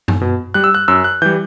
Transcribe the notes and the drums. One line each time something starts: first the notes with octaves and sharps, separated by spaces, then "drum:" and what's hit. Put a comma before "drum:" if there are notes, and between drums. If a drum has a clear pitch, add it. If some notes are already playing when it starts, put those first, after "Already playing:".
drum: tom F#2
B2
G3 F#6
E6
F#6
F#2 E6
F#6
E3 G3 G6